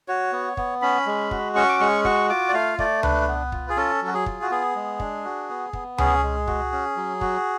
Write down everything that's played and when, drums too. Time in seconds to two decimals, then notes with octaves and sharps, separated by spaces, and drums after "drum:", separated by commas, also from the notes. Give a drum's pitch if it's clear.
0.08 F#4 C#5
0.33 B3
0.57 B3, drum: kick
0.82 C#4 B5
1.06 G#3
1.31 F#4, drum: kick
1.56 C#4 C#6
1.69 D6
1.80 G#3 C#6
2.05 F#4 C#6, drum: kick
2.29 F4 D6
2.49 D5
2.54 A3 F5
2.79 A3 D5, drum: kick
3.03 D4 B4, drum: tom C#2
3.28 B3
3.52 F4, drum: kick
3.69 G#4
3.77 C#4 A4
4.02 F#3 F#4
4.14 G#4
4.26 F4, drum: kick
4.42 F#4
4.51 B3 G#4
4.76 G#3
5.00 D4, drum: kick
5.25 F#4
5.50 B3
5.73 B3, drum: kick
5.98 C#4 G#4, drum: tom C#2
6.23 G#3
6.47 F#4, drum: kick
6.72 C#4
6.96 F#3
7.21 F#4, drum: kick